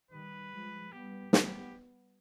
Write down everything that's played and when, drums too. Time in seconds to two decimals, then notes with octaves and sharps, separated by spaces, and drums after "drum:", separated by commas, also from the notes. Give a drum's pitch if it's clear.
0.11 D#3 G3 B4
0.52 F3 G#3
0.92 G3 B3 G4
1.33 G3 B3 G4, drum: snare